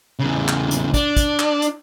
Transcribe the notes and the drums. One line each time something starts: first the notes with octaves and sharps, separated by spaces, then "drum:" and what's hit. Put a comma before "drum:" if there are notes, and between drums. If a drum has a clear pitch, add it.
E2 C#3
drum: clap
drum: hi-hat
D4, drum: kick, hi-hat
drum: kick, hi-hat
drum: clap
drum: hi-hat